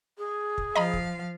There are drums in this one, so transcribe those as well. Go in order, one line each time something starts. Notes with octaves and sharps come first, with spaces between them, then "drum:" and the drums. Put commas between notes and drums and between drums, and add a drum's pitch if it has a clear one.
G#4
drum: kick
F3 D#5 F5 A#5 B5
drum: kick